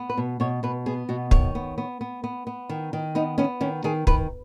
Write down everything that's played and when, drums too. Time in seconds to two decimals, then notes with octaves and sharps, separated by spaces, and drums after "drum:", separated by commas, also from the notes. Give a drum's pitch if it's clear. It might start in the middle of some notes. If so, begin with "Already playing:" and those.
Already playing: B3
0.10 B4
0.17 B2
0.40 B2 C#5
0.63 B2 B4
0.86 B3 G#4
1.09 B2 F#4
1.31 D#3 C#5, drum: kick
1.55 B3
1.78 B3
2.01 B3
2.24 B3
2.47 B3
2.70 D#3
2.93 D#3
3.15 B3 D#4
3.38 B3 C#4
3.61 D#3 C#4
3.84 D#3 G#4
4.07 D#3 B4, drum: kick